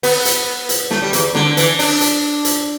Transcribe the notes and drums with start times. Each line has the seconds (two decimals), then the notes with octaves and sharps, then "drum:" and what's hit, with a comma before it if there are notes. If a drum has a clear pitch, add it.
0.03 B3, drum: open hi-hat
0.25 drum: hi-hat
0.69 drum: hi-hat
0.91 A3, drum: snare
1.02 G3
1.13 E2, drum: hi-hat
1.35 D3, drum: snare
1.57 E3, drum: hi-hat
1.79 D4, drum: open hi-hat
2.01 drum: hi-hat
2.45 drum: hi-hat